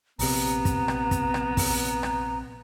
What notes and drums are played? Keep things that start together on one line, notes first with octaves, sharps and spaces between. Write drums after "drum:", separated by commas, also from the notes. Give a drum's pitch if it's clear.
A#1 C3 B3 A#5, drum: open hi-hat
drum: kick, hi-hat
drum: rim click
drum: kick, hi-hat
drum: rim click
drum: kick, open hi-hat
drum: rim click